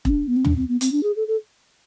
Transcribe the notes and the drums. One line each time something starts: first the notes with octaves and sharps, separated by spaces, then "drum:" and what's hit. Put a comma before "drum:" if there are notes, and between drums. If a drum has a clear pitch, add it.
C4, drum: kick E1
D4
B3
C4
D4, drum: tom
C4
B3
C4, drum: hi-hat
D4
G#4
A4
A4